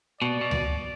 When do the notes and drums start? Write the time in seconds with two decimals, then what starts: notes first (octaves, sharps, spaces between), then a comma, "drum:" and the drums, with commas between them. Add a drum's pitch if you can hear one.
0.21 B2 D5
0.41 B2
0.51 drum: tom C#2